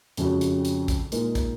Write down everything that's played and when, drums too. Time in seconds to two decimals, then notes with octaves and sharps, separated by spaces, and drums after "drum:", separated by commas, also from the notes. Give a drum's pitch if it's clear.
0.17 F2 C#3 G#3 C#4 F#4, drum: hi-hat
0.41 drum: hi-hat
0.65 drum: hi-hat
0.88 drum: kick, hi-hat
1.12 A#2 G#3 D#4 A#4, drum: hi-hat
1.35 drum: kick, hi-hat